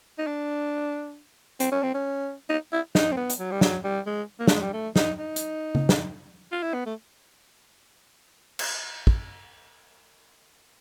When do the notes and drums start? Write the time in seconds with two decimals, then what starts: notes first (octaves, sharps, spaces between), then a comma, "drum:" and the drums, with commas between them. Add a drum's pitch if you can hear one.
0.19 D#4
0.27 D4
1.60 C4, drum: hi-hat
1.72 C#4
1.83 C4
1.94 C#4
2.49 D#4
2.72 E4
2.95 D#4, drum: snare
3.12 C4
3.17 B3
3.30 drum: hi-hat
3.39 F#3
3.51 G3
3.61 F#3, drum: snare
3.84 G3
4.06 G#3
4.40 A#3
4.47 A3, drum: snare
4.54 G#3
4.62 G3
4.73 A3
4.96 D#4, drum: snare
5.18 D#4
5.36 drum: hi-hat
5.75 drum: tom C#3
5.89 drum: snare
6.52 F4
6.63 E4
6.74 B3
6.86 A3
8.59 drum: cymbal
9.07 drum: kick